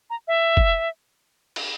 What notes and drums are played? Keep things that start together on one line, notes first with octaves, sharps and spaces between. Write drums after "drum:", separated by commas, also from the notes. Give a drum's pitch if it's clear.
A#5
E5
drum: kick
drum: cymbal